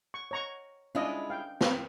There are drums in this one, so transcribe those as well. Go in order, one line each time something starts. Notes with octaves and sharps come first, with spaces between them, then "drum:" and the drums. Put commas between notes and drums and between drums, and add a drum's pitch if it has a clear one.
C#6
C#5 A#5 C#6
G#3 C#4 D4 E4 F4 D#5
F5 G5
C4, drum: snare